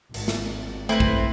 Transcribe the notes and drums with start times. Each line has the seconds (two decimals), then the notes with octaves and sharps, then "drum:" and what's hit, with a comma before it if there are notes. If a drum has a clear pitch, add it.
0.14 G#1, drum: cymbal
0.28 drum: snare
0.89 A3 C4 E4 B4
1.00 drum: kick